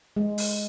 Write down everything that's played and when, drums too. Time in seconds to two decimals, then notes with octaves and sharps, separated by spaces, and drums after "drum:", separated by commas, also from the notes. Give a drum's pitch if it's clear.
0.16 G#3
0.38 drum: open hi-hat